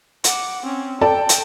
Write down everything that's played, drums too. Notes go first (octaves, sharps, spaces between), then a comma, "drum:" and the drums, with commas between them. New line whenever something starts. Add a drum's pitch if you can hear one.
F#5 D6, drum: hi-hat
C4 C#4
A4 D5 G5 A5
drum: hi-hat